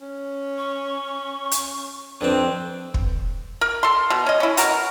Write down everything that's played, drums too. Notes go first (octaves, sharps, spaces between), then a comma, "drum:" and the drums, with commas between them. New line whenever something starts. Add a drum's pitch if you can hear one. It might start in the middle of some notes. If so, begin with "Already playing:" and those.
C#4
C#6
drum: hi-hat
F2 C4 D4 B4
drum: kick
A#4
A4 C6
B2
C#4 D#5
C#4 E4
B2 F#4 A#4, drum: hi-hat